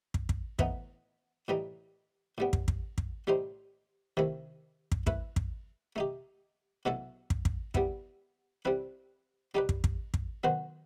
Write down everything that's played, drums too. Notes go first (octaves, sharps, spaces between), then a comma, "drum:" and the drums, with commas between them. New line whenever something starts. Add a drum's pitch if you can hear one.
drum: kick
drum: kick
A2 E3 B3 D#4, drum: kick
A2 E3 G3 D#4
A2 G3 B3
drum: kick
drum: kick
drum: kick
A2 G3 D#4 G4 C5
C3 D#3 A3 E4
drum: kick
A3 E4 B4, drum: kick
drum: kick
A3 D#4 G4
B2 F#3 A3 E4 A4
drum: kick
drum: kick
G3 B3 E4, drum: kick
G3 C4 E4 B4
G3 D#4 G4 B4
drum: kick
drum: kick
drum: kick
D#3 F#3 B3 F#4 C5